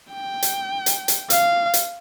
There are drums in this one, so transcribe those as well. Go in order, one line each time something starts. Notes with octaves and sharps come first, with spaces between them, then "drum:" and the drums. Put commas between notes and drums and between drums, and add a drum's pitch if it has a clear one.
G5
drum: hi-hat
drum: hi-hat
drum: hi-hat
F5, drum: hi-hat
drum: hi-hat